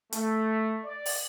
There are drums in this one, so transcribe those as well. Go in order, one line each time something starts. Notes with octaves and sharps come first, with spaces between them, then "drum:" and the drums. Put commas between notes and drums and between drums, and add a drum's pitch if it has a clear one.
A3, drum: hi-hat
D5
drum: open hi-hat